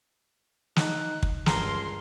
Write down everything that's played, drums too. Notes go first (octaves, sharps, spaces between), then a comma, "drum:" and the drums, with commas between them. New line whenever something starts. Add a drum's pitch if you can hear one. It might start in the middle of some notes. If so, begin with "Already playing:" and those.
D#4 F#6, drum: snare
drum: kick
C#2 G2 G#4 A#4 C6, drum: snare